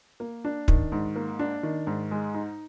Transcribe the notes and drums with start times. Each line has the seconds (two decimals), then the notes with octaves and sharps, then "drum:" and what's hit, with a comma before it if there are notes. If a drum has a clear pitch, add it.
0.20 A#3
0.44 D4
0.68 D#3, drum: kick
0.92 G#2
1.16 A#3
1.39 D4
1.63 D#3
1.87 G#2
2.11 G#3
2.34 D#4